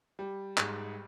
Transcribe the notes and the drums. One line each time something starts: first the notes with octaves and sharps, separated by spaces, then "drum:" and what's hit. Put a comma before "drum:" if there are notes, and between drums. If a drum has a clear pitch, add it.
G3
G#2, drum: clap